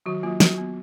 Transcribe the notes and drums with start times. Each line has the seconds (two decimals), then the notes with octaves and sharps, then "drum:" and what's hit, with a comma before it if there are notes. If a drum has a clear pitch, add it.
0.06 D#3 F#3 F#4
0.23 F#3 A#3 F4
0.40 F#3 F#4, drum: snare
0.58 B3